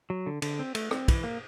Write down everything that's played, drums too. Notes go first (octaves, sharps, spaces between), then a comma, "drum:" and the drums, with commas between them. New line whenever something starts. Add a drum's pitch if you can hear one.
F#3
D3
D3, drum: cymbal
C4
A3, drum: cymbal
C4, drum: rim click
E3, drum: kick, cymbal
A#3